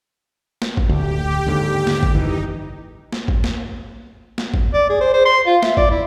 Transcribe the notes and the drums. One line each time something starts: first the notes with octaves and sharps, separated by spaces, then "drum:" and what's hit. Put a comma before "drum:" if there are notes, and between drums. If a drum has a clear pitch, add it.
drum: snare
drum: kick
D1 D2 G4
D#2 G#2 D3
drum: snare
drum: kick
F#1 E3 D#4
drum: snare
drum: kick
drum: snare
drum: snare
drum: kick
D5
G#4
C5
C5
C6
F4
E5, drum: snare
D5, drum: kick
E4